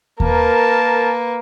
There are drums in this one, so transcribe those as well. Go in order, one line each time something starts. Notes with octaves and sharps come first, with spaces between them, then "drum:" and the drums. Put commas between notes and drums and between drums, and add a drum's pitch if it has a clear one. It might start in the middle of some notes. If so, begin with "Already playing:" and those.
A#3 A#4 B4 A5, drum: kick D#2